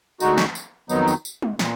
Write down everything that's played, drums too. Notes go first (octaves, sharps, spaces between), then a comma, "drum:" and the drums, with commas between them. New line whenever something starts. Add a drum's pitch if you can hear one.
D2 D3 G#3 D#4 F#4, drum: tambourine
drum: snare
drum: tambourine
F2 D#3 F#3 B3 D#4, drum: tambourine
drum: tambourine
drum: tambourine
drum: tom G3
A#2, drum: snare